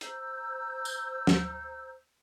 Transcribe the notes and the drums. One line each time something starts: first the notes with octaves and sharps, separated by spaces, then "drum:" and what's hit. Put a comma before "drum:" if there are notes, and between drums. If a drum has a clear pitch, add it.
C5 A#5 E6 G6, drum: hi-hat
drum: tambourine
drum: snare